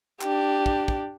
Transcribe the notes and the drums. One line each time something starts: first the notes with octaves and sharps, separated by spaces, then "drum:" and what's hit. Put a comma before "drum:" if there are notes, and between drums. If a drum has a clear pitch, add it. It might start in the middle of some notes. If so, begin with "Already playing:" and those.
D4 G4, drum: clap
drum: kick
drum: kick